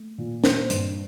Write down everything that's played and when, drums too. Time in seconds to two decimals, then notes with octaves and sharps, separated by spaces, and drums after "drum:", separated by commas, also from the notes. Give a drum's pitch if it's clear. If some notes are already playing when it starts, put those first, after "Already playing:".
Already playing: A3
0.18 A#2
0.44 C4 C5, drum: snare
0.70 G2, drum: hi-hat